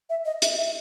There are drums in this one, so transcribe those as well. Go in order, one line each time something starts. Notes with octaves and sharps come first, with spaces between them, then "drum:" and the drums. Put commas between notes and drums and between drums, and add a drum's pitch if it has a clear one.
E5
D#5
E5, drum: hi-hat
E5